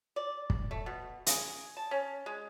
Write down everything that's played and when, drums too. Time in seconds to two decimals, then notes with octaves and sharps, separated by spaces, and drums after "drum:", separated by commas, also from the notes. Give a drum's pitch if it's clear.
0.16 D5
0.50 drum: kick
0.71 A3
0.86 B2
1.26 G#4, drum: hi-hat
1.77 A5
1.91 C#4
2.26 G#3